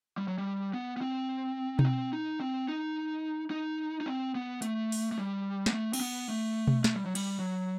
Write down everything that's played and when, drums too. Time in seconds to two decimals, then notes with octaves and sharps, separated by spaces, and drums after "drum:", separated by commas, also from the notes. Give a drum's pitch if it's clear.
0.17 G3
0.28 F#3
0.38 G3
0.74 B3
0.97 B3
1.01 C4
1.79 D#4, drum: tom B2
1.85 C4
2.13 D#4
2.40 C4
2.68 D#4
3.51 D#4
4.01 D#4
4.06 C4
4.35 B3
4.62 A3, drum: hi-hat
4.92 drum: open hi-hat
5.12 A3
5.18 G3
5.66 B3, drum: snare
5.73 A3
5.93 C4, drum: cymbal
6.00 B3
6.29 A3
6.67 drum: tom B2
6.84 A3, drum: snare
6.94 G3
7.06 F#3
7.15 G3, drum: cymbal
7.39 F#3